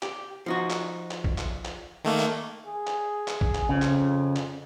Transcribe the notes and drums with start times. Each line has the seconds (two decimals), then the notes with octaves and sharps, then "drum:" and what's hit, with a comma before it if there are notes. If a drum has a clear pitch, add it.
0.02 G4, drum: clap
0.46 F3 D#4 F#4
0.70 drum: clap
1.11 drum: clap
1.24 drum: kick
1.38 drum: clap
1.65 drum: clap
2.04 D#3 A3 A#3
2.19 drum: clap
2.66 G#4
2.87 drum: clap
3.28 drum: clap
3.41 drum: kick
3.55 drum: clap
3.69 F2 C#3
3.82 drum: clap
4.36 drum: clap